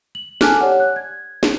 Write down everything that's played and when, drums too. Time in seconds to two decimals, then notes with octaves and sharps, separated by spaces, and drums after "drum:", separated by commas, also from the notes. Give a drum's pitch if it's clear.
0.15 F#7
0.41 A4 G#5 A5 D6 F6 F#6, drum: snare
0.60 G4 C#5 D5 F#5
0.80 F#6
0.96 G#6
1.43 drum: snare